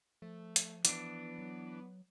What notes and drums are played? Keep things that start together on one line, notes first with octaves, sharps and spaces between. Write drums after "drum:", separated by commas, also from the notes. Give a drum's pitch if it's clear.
F3 A3
drum: hi-hat
E3 B3 D4, drum: hi-hat
F#3